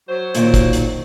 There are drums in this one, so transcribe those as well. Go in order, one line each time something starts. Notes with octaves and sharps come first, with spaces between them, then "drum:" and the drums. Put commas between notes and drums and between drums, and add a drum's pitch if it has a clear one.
F#3 C5
A#2 D#3, drum: hi-hat
drum: kick, hi-hat
drum: hi-hat